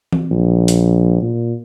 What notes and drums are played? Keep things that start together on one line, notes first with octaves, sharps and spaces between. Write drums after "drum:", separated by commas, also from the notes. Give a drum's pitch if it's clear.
drum: tom E3
A#1
drum: hi-hat
A#2